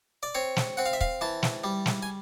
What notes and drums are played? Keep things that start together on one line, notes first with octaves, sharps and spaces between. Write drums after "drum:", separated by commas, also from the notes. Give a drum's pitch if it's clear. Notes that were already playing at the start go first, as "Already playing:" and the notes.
D5
C4 C#5
drum: snare
C4 F#5
F5
E5
F5, drum: kick
E3 A5
drum: snare
G3
drum: snare
G#5